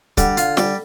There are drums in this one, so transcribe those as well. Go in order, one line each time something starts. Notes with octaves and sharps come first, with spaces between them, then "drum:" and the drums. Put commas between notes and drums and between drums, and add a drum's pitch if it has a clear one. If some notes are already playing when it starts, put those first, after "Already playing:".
D3 G3, drum: kick, hi-hat
F4, drum: hi-hat
G3, drum: snare